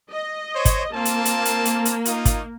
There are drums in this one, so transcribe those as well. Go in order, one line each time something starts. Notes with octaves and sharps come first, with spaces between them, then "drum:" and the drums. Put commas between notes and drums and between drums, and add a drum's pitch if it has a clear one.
D#5
C5 C#5
drum: kick, hi-hat
A#3 C4 F4 A5
drum: hi-hat
drum: hi-hat
drum: hi-hat
drum: hi-hat
drum: hi-hat
D#4 F4, drum: hi-hat
drum: kick, hi-hat